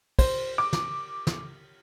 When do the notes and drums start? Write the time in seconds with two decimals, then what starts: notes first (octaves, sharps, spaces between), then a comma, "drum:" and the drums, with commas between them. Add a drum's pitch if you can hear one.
0.19 C5, drum: kick, cymbal
0.58 D6
0.73 drum: snare
1.27 drum: snare